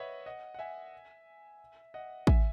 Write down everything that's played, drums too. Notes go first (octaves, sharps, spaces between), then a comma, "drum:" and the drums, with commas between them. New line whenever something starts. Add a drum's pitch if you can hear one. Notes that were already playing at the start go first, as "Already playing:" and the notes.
Already playing: B4 C#5 D#5 E5 F#5
D#5 F#5
F#5
E5 G#5
D#5 F#5
E5 G#5, drum: kick